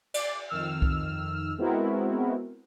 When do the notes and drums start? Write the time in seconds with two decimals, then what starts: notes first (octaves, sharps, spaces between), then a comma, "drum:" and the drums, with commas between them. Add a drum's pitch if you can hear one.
0.14 D5, drum: cymbal
0.49 F2 D#3 E6 F6
0.82 drum: kick C2
1.58 G#3 B3 C4 E4 F#4 A#4